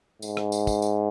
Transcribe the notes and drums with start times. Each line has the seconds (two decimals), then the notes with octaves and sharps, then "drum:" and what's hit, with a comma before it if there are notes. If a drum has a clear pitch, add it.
0.22 G#2, drum: tambourine
0.37 drum: rim click
0.52 drum: tambourine
0.67 drum: kick, tambourine
0.82 drum: tambourine